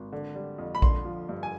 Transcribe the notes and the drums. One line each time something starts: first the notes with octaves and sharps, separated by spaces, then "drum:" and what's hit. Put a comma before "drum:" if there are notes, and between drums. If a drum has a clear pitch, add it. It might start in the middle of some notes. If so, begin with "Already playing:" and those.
Already playing: G#1
D3
G3
F2
B5
D3 C6, drum: kick A#1
F3
G2
G#5